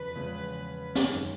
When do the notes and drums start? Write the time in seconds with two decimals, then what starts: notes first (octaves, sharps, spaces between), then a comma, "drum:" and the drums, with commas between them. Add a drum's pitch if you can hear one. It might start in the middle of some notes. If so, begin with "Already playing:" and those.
Already playing: E2 C#3 F3 B4
0.15 E2 C#3 F3 G#3
0.95 drum: snare
1.09 F#2 D#3 G#3 C#4